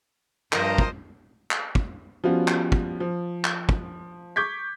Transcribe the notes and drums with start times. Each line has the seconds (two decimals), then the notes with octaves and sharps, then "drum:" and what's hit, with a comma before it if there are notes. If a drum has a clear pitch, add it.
0.53 G2 F3 A#4 C5 D#5 A#5, drum: clap
0.78 drum: kick
1.51 drum: clap
1.75 drum: kick
2.24 F3 G3 B3 C#4 F4 F#4
2.48 drum: clap
2.72 drum: kick
3.00 F3
3.45 drum: clap
3.69 drum: kick
4.36 C#6 D6 G6 G#6 B6